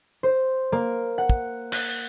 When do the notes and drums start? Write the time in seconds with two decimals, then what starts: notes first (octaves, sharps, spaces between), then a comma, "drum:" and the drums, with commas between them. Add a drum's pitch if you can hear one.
0.23 C5
0.72 A#3
1.18 F#5
1.29 drum: kick
1.72 F#6, drum: cymbal